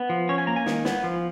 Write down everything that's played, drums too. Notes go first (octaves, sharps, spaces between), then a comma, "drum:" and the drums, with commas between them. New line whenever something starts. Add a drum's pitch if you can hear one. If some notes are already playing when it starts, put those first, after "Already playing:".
Already playing: B3
F3
C#4 C#5
G#5
A#3 A#5
G#5
D#3, drum: snare
B3, drum: snare
F3